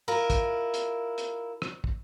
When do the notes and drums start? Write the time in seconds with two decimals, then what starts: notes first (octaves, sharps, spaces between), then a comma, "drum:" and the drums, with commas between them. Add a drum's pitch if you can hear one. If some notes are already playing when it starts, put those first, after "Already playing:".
0.08 E4 F4 A#4
0.30 drum: kick, hi-hat
0.74 drum: hi-hat
1.18 drum: hi-hat
1.62 drum: rim click
1.84 drum: kick